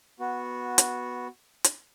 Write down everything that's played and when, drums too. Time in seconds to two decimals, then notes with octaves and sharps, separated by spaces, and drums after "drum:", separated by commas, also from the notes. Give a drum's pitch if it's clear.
0.20 B3 F#4
0.78 drum: hi-hat
1.64 drum: hi-hat